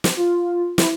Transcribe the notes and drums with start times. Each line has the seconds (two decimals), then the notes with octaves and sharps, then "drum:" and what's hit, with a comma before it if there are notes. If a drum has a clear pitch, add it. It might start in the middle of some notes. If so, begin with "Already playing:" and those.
0.04 drum: snare
0.17 F4
0.78 E4, drum: snare